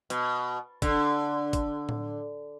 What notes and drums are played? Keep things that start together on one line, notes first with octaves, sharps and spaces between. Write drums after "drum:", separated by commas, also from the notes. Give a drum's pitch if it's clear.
B2, drum: hi-hat
D3, drum: kick, hi-hat
drum: kick, hi-hat
drum: tom A2